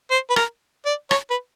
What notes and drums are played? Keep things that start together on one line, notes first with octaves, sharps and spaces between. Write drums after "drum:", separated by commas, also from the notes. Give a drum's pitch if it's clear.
C5
B4
A#4, drum: rim click
D5
C#5, drum: rim click
B4